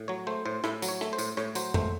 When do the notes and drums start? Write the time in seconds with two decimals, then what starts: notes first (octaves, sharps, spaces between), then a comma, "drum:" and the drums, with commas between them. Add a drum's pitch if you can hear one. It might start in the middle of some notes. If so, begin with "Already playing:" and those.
Already playing: A2
0.08 F#3 C#5
0.27 A3 C5
0.46 A2 C5
0.64 A2 E4, drum: rim click
0.82 F#3, drum: tambourine
0.88 C#5
1.01 A3, drum: rim click
1.13 C5
1.19 A2, drum: tambourine
1.37 A2 C#5, drum: rim click
1.55 F#3 C5, drum: tambourine
1.74 A3 C5, drum: tom F2